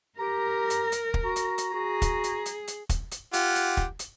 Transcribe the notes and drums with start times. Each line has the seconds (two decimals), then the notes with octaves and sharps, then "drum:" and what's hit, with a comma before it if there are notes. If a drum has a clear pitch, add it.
0.19 G4 A#4 A#5
0.70 drum: hi-hat
0.92 drum: hi-hat
1.14 drum: kick
1.24 F#4 A#5
1.36 drum: hi-hat
1.58 drum: hi-hat
1.74 F#4 G#4
2.02 drum: kick, hi-hat
2.24 drum: hi-hat
2.46 drum: hi-hat
2.67 drum: hi-hat
2.89 drum: kick, hi-hat
3.11 drum: hi-hat
3.33 F4 G4 F#5, drum: hi-hat
3.55 drum: hi-hat
3.77 drum: kick
3.99 drum: hi-hat